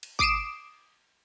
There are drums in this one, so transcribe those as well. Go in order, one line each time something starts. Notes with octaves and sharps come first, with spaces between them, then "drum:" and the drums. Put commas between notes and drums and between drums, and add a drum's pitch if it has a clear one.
drum: cymbal
D6 D#6 C7 D7 E7, drum: kick G#1